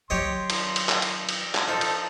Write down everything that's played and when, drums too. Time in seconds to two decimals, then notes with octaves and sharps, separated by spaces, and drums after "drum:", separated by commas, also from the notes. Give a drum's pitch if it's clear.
0.10 D#3 F#3 G4 C#5 D#5 C6
0.50 drum: cymbal
0.76 drum: cymbal
0.89 drum: clap
1.02 drum: cymbal
1.29 drum: cymbal
1.55 drum: clap
1.68 F3 D#4 A4
1.81 drum: cymbal